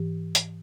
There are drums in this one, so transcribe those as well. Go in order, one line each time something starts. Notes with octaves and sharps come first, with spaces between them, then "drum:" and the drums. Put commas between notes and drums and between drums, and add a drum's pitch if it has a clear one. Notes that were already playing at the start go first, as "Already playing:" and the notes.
Already playing: G#2 E3 G4
drum: hi-hat